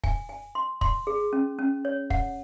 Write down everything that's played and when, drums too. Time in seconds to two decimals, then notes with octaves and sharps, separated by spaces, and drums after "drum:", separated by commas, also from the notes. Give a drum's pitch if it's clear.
0.04 G#5, drum: kick
0.29 G#5
0.55 C6
0.81 C6, drum: kick
1.07 G#4
1.33 C#4
1.59 C#4
1.85 C#5
2.10 F#5, drum: kick